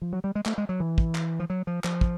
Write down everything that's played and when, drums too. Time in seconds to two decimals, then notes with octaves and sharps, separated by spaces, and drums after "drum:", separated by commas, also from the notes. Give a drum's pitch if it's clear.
0.02 F3
0.13 F#3
0.24 G3
0.35 G#3
0.46 A3, drum: clap
0.58 G#3
0.69 F#3
0.80 E3
0.98 drum: kick
1.15 drum: clap
1.40 F3
1.50 F#3
1.67 F3
1.84 F3, drum: clap
2.01 drum: kick